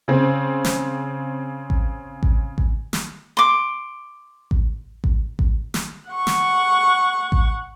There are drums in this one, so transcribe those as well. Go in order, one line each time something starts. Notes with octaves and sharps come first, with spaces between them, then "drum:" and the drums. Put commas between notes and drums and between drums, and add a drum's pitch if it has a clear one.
C#3 C4
drum: snare
drum: kick A1
drum: kick A1
drum: kick A1
drum: snare
C6 D6
drum: kick A1
drum: kick A1
drum: kick A1
drum: snare
F#5 C#6
drum: snare
drum: kick A1